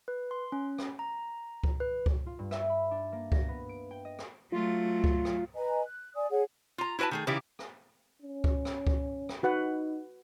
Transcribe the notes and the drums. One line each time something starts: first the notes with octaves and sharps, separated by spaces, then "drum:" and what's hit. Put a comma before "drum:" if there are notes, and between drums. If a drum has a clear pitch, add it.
B4
C6
C#4
drum: rim click
A#5
drum: kick C#2
B4
drum: kick C#2
F4
G2
E5, drum: rim click
B5
D4
A#3
A#6, drum: kick C#2
B3
D7
G5
D#5
drum: rim click
F#3 A3 F4
drum: kick C#2
drum: rim click
B4 D#5 G#5 A#5
F#6
D5 G#5 D#6
G#4 C#5 F#5
F4 A#5
E4 F#4 B4 G#5 A5
D#3 A3 G#4
C#3 E3 D#4 E4 G4
drum: rim click
C#4
drum: kick C#2
drum: rim click
drum: kick C#2
drum: rim click
D#4 F#4 B4 F#5